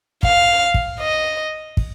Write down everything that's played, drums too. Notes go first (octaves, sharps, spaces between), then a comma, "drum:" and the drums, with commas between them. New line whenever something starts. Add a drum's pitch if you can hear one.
F5, drum: kick
drum: kick
D#5
drum: kick